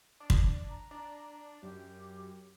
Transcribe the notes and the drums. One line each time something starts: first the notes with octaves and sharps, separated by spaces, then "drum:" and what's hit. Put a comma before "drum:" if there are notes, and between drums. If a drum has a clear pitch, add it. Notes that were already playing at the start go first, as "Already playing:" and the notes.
D4
drum: kick
A#5
D4
F#2 G4